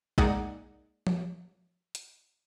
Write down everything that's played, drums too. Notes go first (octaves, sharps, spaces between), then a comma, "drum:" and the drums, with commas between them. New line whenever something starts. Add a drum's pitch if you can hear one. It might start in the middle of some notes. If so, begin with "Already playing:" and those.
G#3 A#3 D#4 G#4 D5 F#5, drum: kick A#1
drum: tom F3
drum: hi-hat